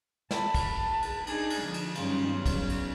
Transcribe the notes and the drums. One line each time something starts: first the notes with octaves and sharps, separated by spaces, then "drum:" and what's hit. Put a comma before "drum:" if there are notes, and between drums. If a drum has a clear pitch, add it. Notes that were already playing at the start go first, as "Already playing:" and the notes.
A5 B5, drum: snare
drum: kick, cymbal
A5
drum: cymbal
D4 D#4 G#4, drum: cymbal
drum: cymbal
D3 F3
drum: cymbal
G2 D#3 F#3 C#4 D#4 F4, drum: cymbal
F#3 B3 C#4
drum: kick, cymbal
drum: cymbal